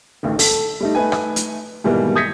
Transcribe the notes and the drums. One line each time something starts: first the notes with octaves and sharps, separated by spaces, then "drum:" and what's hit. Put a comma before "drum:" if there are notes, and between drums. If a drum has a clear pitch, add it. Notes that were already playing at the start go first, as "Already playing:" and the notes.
A1 D2 D#3
A4, drum: open hi-hat
G3 A3 D#4
A3 D#4 B4 G#5
drum: rim click
drum: hi-hat
G#2 B2 D#3 E3 G3 A#3
D#6 G6 G#6 A#6 B6 C#7